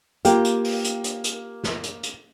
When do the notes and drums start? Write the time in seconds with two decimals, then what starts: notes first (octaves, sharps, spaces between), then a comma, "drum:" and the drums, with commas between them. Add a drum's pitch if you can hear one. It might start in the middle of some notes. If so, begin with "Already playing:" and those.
0.25 A#3 F4 G4, drum: hi-hat
0.45 drum: hi-hat
0.64 drum: open hi-hat
0.84 drum: hi-hat
1.04 drum: hi-hat
1.24 drum: hi-hat
1.64 drum: snare
1.83 drum: hi-hat
2.03 drum: hi-hat